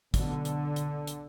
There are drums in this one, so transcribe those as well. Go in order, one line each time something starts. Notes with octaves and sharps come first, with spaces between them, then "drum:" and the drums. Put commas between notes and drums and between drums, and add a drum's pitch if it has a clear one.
B1 B2 D3, drum: kick, hi-hat
drum: hi-hat
drum: hi-hat
drum: hi-hat